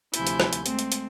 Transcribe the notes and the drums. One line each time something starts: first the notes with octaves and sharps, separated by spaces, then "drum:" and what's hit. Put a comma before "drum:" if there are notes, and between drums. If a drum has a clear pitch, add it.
D2 C3 F3 E4 G#5 G6, drum: hi-hat
drum: hi-hat
drum: rim click
drum: hi-hat
G#3 A3 C4, drum: hi-hat
drum: hi-hat
drum: hi-hat